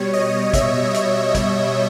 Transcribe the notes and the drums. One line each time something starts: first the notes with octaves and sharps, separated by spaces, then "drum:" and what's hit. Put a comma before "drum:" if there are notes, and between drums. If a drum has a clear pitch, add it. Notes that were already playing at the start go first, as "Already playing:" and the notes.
Already playing: B2 G3 C#5
D#5
E5, drum: kick, hi-hat
drum: hi-hat
D#5, drum: kick, hi-hat